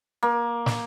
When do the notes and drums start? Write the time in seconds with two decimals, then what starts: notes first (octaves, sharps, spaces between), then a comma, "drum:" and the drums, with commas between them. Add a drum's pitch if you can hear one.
0.23 A#3
0.66 drum: snare